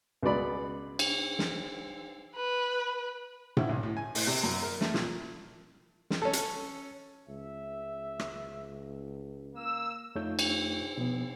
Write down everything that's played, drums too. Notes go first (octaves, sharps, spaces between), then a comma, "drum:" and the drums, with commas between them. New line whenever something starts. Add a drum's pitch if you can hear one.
C#2 B2 B3 D5 B5
drum: cymbal
drum: snare
B4
E4, drum: tom A2
B1
A2
G#5
A2, drum: open hi-hat
C3
F#2
A#4
A3, drum: snare
A#2, drum: snare
drum: snare
C#4 A4
drum: hi-hat
C#2 E5
drum: rim click
A#3 E6
F2 A3 D#4 F4 C#5 G6
drum: cymbal
B2 F3 B3